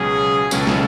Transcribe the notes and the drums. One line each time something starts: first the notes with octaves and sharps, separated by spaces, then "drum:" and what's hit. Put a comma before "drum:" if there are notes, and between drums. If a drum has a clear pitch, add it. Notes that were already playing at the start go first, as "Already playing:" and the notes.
Already playing: C#2 B2 F#3 C#4 G#4
C#2 B2 F#3 C#4 A4, drum: tambourine
drum: snare